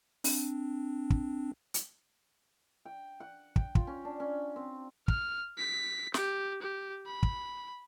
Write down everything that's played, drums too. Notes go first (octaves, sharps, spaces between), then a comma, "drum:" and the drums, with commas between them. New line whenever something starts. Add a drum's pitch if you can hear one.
C4 D4, drum: open hi-hat
drum: kick
drum: hi-hat
G5
F#5
G5, drum: kick
F4, drum: kick
C#4
D4
C#4
C4
F6, drum: kick
B6
G4, drum: snare
G4
B5
drum: kick